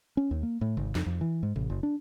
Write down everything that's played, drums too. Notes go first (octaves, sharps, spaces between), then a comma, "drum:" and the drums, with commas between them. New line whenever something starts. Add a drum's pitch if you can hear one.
C#4
D#2
A#3
A2
G#1, drum: tom C3
F2, drum: snare
F2
E3
G#2
A1, drum: tom B2
F#1
D4